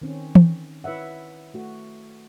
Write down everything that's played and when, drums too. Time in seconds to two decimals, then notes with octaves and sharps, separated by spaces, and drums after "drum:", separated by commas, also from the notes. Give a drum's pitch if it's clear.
0.02 D#3 C4 C#4
0.35 drum: tom E3
0.84 E4 B4 C#5 E5 F#5
1.54 A3 F#4